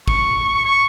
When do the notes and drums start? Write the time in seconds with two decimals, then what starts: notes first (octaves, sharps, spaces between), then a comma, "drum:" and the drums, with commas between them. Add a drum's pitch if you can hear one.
0.08 C#6, drum: kick
0.65 C#6